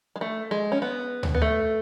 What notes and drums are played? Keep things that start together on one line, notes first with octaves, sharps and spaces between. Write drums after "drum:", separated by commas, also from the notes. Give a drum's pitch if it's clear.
G#3
A3
G#3
C#4
B3
drum: tom D2
B3
A3